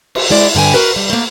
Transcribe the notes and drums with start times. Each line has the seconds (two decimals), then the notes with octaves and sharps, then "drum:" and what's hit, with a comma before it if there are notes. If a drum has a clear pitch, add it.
0.15 drum: cymbal
0.30 G#3 E4 D5
0.55 G2 D3 G5 G#5
0.74 F#4 A#4 B4
0.96 G3
1.10 A3 A#3